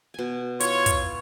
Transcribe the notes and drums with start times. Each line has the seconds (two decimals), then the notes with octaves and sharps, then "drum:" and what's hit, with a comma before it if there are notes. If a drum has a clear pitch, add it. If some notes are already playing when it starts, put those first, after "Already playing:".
0.14 B2 G#5
0.60 E4 F4 C#5, drum: hi-hat
0.86 drum: kick, hi-hat